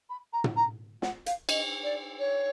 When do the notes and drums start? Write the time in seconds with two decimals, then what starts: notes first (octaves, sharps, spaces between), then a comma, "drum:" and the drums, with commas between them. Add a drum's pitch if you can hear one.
0.10 B5
0.33 A#5
0.44 drum: tom
0.56 A#5
1.02 F#5, drum: snare
1.26 F5, drum: hi-hat
1.49 D#5, drum: cymbal
1.83 D5
2.19 C#5